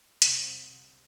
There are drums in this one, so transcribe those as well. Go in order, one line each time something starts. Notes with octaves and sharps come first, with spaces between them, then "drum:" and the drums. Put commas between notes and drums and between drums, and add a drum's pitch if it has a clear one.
C2 C5, drum: hi-hat
C2
C2